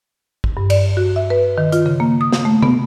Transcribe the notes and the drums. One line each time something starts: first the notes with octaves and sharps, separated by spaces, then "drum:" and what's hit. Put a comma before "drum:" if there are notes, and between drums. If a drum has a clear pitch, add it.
drum: kick
G2
D5, drum: cymbal
F#4
E5
B4
D#3
F4, drum: hi-hat
C#3
A#3
D#6
drum: snare
A3
B3, drum: tom C3